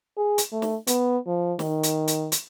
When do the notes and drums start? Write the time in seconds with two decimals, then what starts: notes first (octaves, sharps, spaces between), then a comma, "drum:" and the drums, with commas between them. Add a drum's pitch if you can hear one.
0.17 G#4
0.38 drum: hi-hat
0.52 A3
0.62 drum: snare
0.87 B3, drum: hi-hat
1.27 F3
1.59 D#3, drum: snare
1.83 drum: hi-hat
2.08 drum: hi-hat
2.32 drum: hi-hat